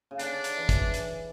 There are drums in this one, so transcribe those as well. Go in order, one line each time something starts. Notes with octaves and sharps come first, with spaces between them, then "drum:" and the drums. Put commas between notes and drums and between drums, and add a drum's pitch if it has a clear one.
C#3
D3 D4, drum: hi-hat
drum: hi-hat
E3
drum: kick, hi-hat
drum: hi-hat